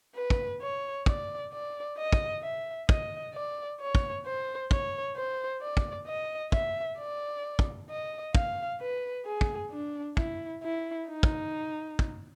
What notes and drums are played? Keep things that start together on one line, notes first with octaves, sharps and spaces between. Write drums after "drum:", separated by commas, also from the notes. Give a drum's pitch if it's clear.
B4
drum: kick
C#5
D5, drum: kick
D5
D#5
drum: kick
E5
D#5, drum: kick
D5
C#5
drum: kick
C5
C#5, drum: kick
C5
D5
drum: kick
D#5
E5, drum: kick
D5
drum: kick
D#5
F5, drum: kick
B4
G#4
drum: kick
D4
E4, drum: kick
E4
D#4
drum: kick
drum: kick